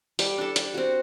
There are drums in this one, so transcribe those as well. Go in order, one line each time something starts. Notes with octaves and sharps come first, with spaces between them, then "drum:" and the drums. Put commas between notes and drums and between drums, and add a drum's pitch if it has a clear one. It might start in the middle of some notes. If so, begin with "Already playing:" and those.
G3, drum: open hi-hat
D4 A4
G3, drum: hi-hat
C4 F#4